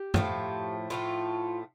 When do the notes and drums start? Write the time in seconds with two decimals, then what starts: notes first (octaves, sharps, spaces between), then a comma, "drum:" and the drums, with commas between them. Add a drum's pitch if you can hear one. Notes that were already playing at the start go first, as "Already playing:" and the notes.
Already playing: G4
0.14 A2 F3 A3, drum: tom F#2
0.90 A2 F3 A3 F4